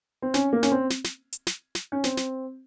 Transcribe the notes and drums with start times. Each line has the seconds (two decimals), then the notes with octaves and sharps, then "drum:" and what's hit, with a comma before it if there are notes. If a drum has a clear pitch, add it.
0.22 C4
0.34 C#4, drum: snare
0.53 A#3
0.63 C#4, drum: snare
0.72 C4
0.90 drum: snare
1.04 drum: snare
1.33 drum: hi-hat
1.47 drum: snare
1.75 drum: snare
1.92 C#4
2.04 C4, drum: snare
2.17 drum: snare